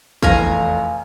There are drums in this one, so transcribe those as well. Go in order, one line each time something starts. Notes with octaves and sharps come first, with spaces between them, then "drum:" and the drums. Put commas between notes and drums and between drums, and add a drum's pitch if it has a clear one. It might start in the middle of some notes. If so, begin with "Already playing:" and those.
F1 E2 F5 G#5 A#5, drum: kick